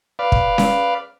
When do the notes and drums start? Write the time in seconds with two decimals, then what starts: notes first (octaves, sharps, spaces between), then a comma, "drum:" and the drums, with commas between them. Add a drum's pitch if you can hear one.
0.19 B4 D5 F5
0.32 drum: kick
0.58 drum: snare C#4